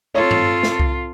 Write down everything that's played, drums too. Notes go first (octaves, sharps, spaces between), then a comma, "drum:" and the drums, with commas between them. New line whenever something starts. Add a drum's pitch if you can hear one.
C4 F4 A4 C#5
drum: tom G2
drum: snare
drum: kick C2